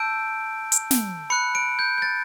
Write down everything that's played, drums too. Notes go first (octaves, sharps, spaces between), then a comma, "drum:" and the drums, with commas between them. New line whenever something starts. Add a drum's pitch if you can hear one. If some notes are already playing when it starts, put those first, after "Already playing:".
Already playing: A5 E6 G6 D7
drum: hi-hat
drum: snare
B5 F#6 C#7
D7
G6
G6
A6